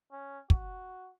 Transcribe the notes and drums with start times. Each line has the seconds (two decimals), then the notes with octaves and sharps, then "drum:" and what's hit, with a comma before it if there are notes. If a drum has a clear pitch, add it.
0.12 C#4
0.50 F#4, drum: kick